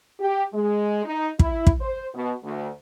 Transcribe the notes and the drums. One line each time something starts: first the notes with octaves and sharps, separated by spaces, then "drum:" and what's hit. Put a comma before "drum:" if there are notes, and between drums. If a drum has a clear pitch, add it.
G4
G#3
D#4
E4, drum: kick
drum: kick
C5
B2
D2